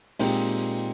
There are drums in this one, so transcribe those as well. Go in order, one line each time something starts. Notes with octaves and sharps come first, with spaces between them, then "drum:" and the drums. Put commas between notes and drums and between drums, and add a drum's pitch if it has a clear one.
A#2 G#3 C4 D#4 G4, drum: open hi-hat